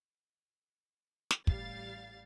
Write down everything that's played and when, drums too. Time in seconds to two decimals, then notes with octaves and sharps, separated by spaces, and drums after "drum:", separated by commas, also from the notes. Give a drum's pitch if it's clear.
1.31 drum: snare
1.47 A1 G3 F5 A6, drum: kick